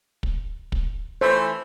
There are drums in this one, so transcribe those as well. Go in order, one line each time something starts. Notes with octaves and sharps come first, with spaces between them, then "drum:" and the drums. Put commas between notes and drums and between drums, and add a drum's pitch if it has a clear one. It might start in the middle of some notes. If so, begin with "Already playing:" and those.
drum: kick
drum: kick
E3 A3 C5